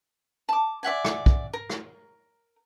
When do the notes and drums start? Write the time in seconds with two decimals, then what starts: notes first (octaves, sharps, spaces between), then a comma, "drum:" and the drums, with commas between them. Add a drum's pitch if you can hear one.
0.49 A5 D6
0.83 D5 E5 F#5 G#5
1.05 drum: rim click
1.26 drum: kick
1.53 A#4
1.70 drum: rim click